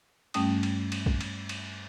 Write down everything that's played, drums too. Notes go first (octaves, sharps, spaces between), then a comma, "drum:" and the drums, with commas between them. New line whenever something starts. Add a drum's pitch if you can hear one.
G2 G3 A3 C#4 G5 D#6, drum: cymbal
drum: cymbal
drum: cymbal
drum: kick
drum: cymbal
drum: cymbal